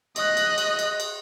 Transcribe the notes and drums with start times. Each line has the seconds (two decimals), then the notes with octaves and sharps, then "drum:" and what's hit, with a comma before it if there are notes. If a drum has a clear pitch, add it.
0.16 D#5 F#6, drum: cymbal
0.37 drum: cymbal
0.58 drum: cymbal
0.79 drum: cymbal
1.00 drum: cymbal